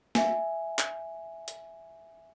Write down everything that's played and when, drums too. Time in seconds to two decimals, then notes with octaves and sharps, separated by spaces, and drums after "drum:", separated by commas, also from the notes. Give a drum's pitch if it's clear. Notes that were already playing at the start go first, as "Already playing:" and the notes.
0.15 E5 G#5, drum: snare
0.79 drum: clap
1.48 drum: hi-hat